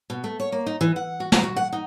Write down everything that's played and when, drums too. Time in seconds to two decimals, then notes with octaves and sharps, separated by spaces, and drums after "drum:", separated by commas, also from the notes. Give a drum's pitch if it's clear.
0.10 B2
0.24 A3
0.40 C#5
0.52 A#3
0.66 D#4
0.81 E3
0.96 F#5
1.20 F#4
1.32 A#5, drum: snare
1.44 F#4
1.56 F#5
1.73 D#4